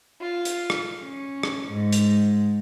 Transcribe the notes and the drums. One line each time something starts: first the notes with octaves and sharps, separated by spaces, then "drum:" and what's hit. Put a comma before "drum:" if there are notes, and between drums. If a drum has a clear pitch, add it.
F4
drum: hi-hat
drum: rim click
C#4
drum: rim click
G#2
drum: hi-hat